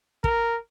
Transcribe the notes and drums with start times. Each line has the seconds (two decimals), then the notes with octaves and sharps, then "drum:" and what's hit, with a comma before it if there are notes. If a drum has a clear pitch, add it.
0.24 A#4, drum: kick